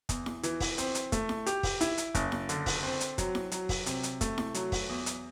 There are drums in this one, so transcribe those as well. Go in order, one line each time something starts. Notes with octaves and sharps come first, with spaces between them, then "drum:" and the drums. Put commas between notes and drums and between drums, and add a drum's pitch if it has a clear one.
E2, drum: kick, hi-hat
drum: snare E4
E3, drum: hi-hat
drum: kick, open hi-hat
C4, drum: hi-hat
drum: hi-hat
A3, drum: kick, hi-hat
drum: snare E4
G4, drum: hi-hat
drum: kick, open hi-hat
E4, drum: hi-hat
drum: hi-hat
F#1, drum: kick, hi-hat
drum: snare E4
D3, drum: hi-hat
drum: kick, open hi-hat
C4
drum: hi-hat
F#3, drum: kick, hi-hat
drum: snare E4
F#3, drum: hi-hat
drum: kick, open hi-hat
C3, drum: hi-hat
drum: hi-hat
A3, drum: kick, hi-hat
drum: snare E4
F#3, drum: hi-hat
drum: kick, open hi-hat
E2
drum: hi-hat